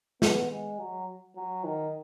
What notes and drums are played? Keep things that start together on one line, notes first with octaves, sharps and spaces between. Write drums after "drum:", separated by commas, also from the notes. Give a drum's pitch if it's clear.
B3, drum: snare
G#3
F#3
F#3
D#3